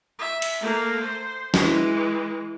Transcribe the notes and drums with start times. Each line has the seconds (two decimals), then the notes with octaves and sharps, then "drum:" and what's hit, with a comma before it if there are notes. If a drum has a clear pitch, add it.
0.19 E5
0.42 drum: cymbal
0.60 A3 A#3
1.02 C5
1.54 E3 G#3, drum: snare